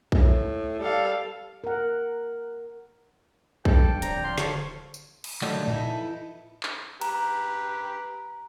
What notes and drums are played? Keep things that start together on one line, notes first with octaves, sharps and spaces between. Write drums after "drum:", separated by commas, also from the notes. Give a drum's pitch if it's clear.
A2, drum: kick B1
G3 A4 F5
A#4 F#5
F3 G3 D4 A4 G5, drum: kick B1
D1 C4 C5 D5 A#5, drum: hi-hat
D5 F5 C6
D3 A4 C#5, drum: snare
drum: tambourine
drum: cymbal
D3 D#3 F#3 G3 A3, drum: clap
F2 E3 D#4 E4 G4 A4, drum: tom A2
drum: clap
G4 B4 A#5, drum: cymbal